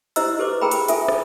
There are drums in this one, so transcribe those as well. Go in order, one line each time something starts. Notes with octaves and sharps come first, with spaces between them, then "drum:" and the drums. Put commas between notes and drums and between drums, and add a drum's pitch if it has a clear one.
E4 G4 C5 D#5 A#5 E6, drum: hi-hat
G4 A4 B4 C5 D6
G#4 A#4 G5 A#5 B5
drum: hi-hat
F4 A4 E5 G#5, drum: hi-hat
drum: rim click